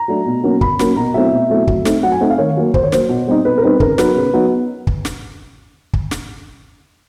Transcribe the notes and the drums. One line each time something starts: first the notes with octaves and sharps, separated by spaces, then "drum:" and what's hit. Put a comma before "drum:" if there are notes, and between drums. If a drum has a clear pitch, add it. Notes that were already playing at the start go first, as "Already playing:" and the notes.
Already playing: A#5
F#3 A3 D4
B2
F#3 A#3 C#4
B2 B5, drum: kick
F#3 A#3 C#4, drum: snare
B2 A#5
F#3 A3 C4 E4 E5
B2
F#3 A3 C4 E4
F#3, drum: kick
A3 C4 D#4, drum: snare
F#3 F#5
G#5
A3 C4 D#4
F5
D#3 C#5
F#3 A#3
D#3 C5, drum: kick
C#5
F#3 A#3 C5, drum: snare
B2
G3 C4 D#4
B2 B4
A#4
G3 C4 D#4 B4
C#3 A#4, drum: kick
F#3 B3 D#4 B4, drum: snare
C#3
F#3 B3 D#4
drum: kick
drum: snare
drum: kick
drum: snare